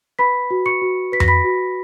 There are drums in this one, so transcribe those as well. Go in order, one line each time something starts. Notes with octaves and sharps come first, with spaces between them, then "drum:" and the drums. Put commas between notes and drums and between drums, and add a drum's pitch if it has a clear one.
B4 B5 B6
F#4
C#6 C#7
F#4
B4 B6
A#6, drum: tom F2
B5 B6
F#4